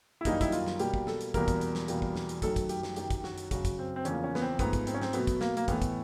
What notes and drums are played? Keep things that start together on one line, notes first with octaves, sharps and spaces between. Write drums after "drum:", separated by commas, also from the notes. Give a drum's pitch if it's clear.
E4
F#2 D#3 G3 A#3 D#4, drum: kick, hi-hat
E4, drum: kick, hi-hat
F4, drum: hi-hat
drum: snare
B2 G3 A#3 G4, drum: hi-hat
drum: kick
A4, drum: snare
drum: hi-hat
E2 B2 G3 A#3 A#4, drum: kick, hi-hat
drum: kick, hi-hat
drum: hi-hat
drum: snare
E2 B2 G3 A#3, drum: hi-hat
drum: kick
drum: snare
drum: hi-hat
F#2 D#3 F#3 A3 A4, drum: kick, hi-hat
drum: kick, hi-hat
G4, drum: hi-hat
drum: snare
F#2 D#3 F#3 G4, drum: hi-hat
drum: kick, hi-hat
F#4, drum: snare
drum: hi-hat
F#2 C#3 F#3 F#4, drum: kick, hi-hat
drum: kick, hi-hat
C4
C4
E2 C#3 F3 A#3 C#4, drum: hi-hat
C#4
B3, drum: snare
C4
G#2 F3 A3 B3, drum: kick, hi-hat
drum: kick, hi-hat
C4, drum: hi-hat
C#4
C4, drum: snare
B2 F#3 A3 B3, drum: hi-hat
drum: kick, hi-hat
A#3, drum: snare
A#3, drum: hi-hat
A2 E3 A3 B3, drum: kick, hi-hat
drum: kick, hi-hat